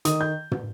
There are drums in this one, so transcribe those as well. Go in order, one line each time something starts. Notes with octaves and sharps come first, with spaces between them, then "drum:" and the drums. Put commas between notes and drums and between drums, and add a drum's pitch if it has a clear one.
D#3 D#6, drum: hi-hat
G6
drum: tom